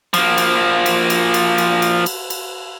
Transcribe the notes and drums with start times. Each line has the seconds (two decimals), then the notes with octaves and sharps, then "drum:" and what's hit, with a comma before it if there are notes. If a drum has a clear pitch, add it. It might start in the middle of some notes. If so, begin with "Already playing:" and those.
0.14 F3 A#3, drum: cymbal
0.38 drum: cymbal
0.86 drum: cymbal
1.10 drum: cymbal
1.34 drum: cymbal
1.58 drum: cymbal
1.82 drum: cymbal
2.06 drum: cymbal
2.30 drum: cymbal